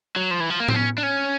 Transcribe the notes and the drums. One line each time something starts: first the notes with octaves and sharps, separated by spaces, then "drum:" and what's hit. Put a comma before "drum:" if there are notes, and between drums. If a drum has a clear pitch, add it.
F#3
F3
E3
F3
A#3
C4, drum: tom A2
C#4
D4
C#4